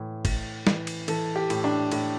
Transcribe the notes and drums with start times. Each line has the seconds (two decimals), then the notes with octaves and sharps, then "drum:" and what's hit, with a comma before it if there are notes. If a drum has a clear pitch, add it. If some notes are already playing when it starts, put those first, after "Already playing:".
Already playing: A2 E3
0.25 A2, drum: kick, cymbal
0.67 E3, drum: snare
0.87 drum: cymbal
1.08 E3 A4, drum: cymbal
1.36 G4
1.50 A2, drum: cymbal
1.64 D4
1.92 A2, drum: cymbal